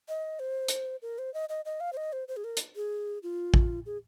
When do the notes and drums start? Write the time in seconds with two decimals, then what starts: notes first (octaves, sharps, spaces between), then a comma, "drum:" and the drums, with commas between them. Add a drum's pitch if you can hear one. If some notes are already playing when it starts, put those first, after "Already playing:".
0.09 D#5
0.40 C5
0.68 drum: hi-hat
1.02 A#4
1.19 C5
1.34 D#5
1.49 D#5
1.65 D#5
1.80 F5
1.93 C5
1.97 D#5
2.13 C5
2.28 C5
2.37 G#4
2.44 A#4
2.57 drum: hi-hat
2.76 G#4
3.23 F4
3.54 drum: kick A1
3.86 G#4